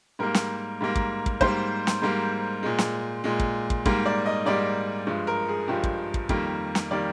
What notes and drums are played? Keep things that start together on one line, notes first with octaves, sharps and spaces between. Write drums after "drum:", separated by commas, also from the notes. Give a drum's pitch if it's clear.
G#2 G3 A#3 A#4
drum: snare
G#2 G3 A#3
drum: kick
drum: kick
G#2 G3 A#3 C5, drum: kick
drum: snare
G#2 G3 A#3
A#2 G#3
drum: snare
A#2 G#3
drum: kick
drum: kick
G#2 G3 A#3, drum: kick
D5
D#5
G#2 G3 A#3 D5
G2 F3 G#3
A#4
G#4
G2 F3 G#3 G4
drum: kick
drum: kick
F2 D#3 G3 A#3, drum: kick
drum: snare
D#3 G3 A#3 D5